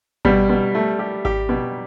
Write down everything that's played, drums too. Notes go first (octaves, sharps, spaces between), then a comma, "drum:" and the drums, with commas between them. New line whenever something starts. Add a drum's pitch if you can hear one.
B2 G3, drum: kick G#1
B2
A3
G4
G4, drum: kick G#1
B2